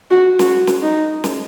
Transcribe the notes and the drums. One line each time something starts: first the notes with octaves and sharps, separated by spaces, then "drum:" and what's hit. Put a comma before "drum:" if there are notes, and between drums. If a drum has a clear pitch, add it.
F#4
F#4, drum: snare
drum: snare
D#4
drum: snare